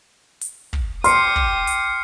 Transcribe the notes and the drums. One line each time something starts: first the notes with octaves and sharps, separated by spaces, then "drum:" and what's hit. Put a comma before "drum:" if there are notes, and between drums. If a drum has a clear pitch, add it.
drum: hi-hat
drum: kick
G4 C6 D#6 F6 C7 C#7, drum: hi-hat
drum: kick
drum: hi-hat